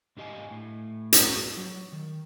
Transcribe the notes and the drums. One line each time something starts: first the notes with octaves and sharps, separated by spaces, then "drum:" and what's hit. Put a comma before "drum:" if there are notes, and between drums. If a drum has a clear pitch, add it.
G#2 D4 G4 D#5 F5 G#5
A2
drum: hi-hat
F#4
F#3
D#3